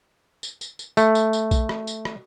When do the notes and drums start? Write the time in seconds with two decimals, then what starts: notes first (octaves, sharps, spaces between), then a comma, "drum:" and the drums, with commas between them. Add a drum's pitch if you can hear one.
0.43 drum: tambourine
0.61 drum: tambourine
0.79 drum: tambourine
0.97 A3, drum: tambourine
1.15 drum: tambourine
1.33 drum: tambourine
1.51 drum: kick A#1, tambourine
1.69 drum: rim click
1.87 drum: tambourine
2.05 drum: rim click